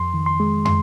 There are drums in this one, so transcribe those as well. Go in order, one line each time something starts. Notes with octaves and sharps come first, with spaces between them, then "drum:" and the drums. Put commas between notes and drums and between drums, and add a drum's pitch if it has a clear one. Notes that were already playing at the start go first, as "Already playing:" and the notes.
Already playing: F2 C6
D#3
C6
G#3
C6, drum: tom